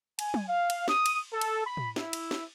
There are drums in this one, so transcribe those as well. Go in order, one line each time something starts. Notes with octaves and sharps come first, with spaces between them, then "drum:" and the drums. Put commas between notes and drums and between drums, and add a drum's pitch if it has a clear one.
G#5, drum: cymbal
drum: tom F#3
F5
drum: cymbal
D#6, drum: snare
drum: cymbal
A4
drum: cymbal
B5
drum: tom A2
E4, drum: snare
drum: cymbal
drum: snare